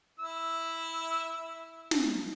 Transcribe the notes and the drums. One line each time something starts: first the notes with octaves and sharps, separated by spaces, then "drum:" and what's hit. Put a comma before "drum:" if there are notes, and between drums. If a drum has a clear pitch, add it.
E4 E6
drum: snare